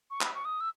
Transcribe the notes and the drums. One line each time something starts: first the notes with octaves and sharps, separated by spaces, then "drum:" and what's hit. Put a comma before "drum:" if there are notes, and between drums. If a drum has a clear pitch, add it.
C#6
B5, drum: clap
C#6
D#6
E6